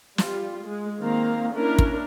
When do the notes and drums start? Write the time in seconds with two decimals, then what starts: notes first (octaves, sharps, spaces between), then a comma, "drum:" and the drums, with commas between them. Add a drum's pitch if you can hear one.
0.18 G3 F4, drum: snare
0.64 G#3
1.00 D#3 A#3 C4 F5 A#5
1.54 A#3 C#4 D4 E4 A#4
1.79 drum: kick